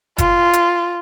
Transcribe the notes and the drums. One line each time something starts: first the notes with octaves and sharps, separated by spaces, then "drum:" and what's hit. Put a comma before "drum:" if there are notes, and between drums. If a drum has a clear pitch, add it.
F4, drum: kick F#1, hi-hat
drum: hi-hat